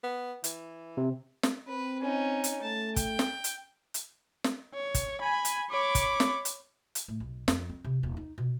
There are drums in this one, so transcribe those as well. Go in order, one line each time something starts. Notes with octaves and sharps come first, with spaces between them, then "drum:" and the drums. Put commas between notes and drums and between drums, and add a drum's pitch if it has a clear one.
B3
E3, drum: hi-hat
C3
drum: snare
C4 B4
C#4 D#4
drum: hi-hat
A3 A5
G5, drum: kick, hi-hat
drum: snare
drum: hi-hat
drum: hi-hat
drum: snare
C#5
drum: kick, hi-hat
G#5 B5
drum: hi-hat
C#5 B5 D6
drum: kick, hi-hat
drum: snare
drum: hi-hat
drum: hi-hat
A2
B1
F2, drum: snare
C4
C3
D#1
D#4
B2